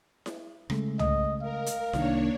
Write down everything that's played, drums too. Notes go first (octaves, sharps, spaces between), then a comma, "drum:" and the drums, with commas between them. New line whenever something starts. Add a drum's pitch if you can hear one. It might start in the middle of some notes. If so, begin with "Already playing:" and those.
drum: snare E4
C#3 G#3 A3, drum: rim click
D#5, drum: tom
A#4 F5
drum: hi-hat
C2 D#3 A#3 D4 C#5, drum: snare E4